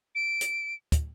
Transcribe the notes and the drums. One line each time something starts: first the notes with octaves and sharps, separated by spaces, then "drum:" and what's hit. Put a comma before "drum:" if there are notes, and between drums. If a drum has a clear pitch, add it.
D7
drum: hi-hat
drum: kick, hi-hat